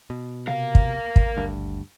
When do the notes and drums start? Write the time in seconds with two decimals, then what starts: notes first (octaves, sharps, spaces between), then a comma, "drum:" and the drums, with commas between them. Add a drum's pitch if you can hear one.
0.10 B2
0.47 C3 A#4 F5
0.75 drum: kick
1.16 G#1, drum: kick
1.37 D2 G2